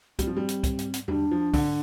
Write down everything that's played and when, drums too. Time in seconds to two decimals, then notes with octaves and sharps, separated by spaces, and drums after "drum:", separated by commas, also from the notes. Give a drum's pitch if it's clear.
0.19 G3 C4, drum: kick, hi-hat
0.27 F3
0.37 G3
0.49 drum: hi-hat
0.64 drum: kick, hi-hat
0.79 drum: hi-hat
0.94 drum: hi-hat
1.08 G3 D4, drum: tom E2
1.31 F3
1.54 D3, drum: kick, open hi-hat